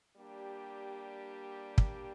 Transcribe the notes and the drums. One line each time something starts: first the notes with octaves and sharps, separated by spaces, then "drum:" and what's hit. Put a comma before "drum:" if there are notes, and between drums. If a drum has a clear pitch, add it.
G3 A#3 D4 G4
drum: kick